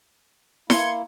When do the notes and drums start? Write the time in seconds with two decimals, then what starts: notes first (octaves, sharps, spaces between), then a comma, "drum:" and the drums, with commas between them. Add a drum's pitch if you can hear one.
0.70 A#3 E4 C6 G#6 C#7, drum: snare E4